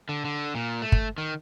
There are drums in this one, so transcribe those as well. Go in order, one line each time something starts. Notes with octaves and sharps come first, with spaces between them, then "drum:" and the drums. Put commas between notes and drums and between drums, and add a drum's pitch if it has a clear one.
D3
D3
A#2
A3
drum: kick
D#3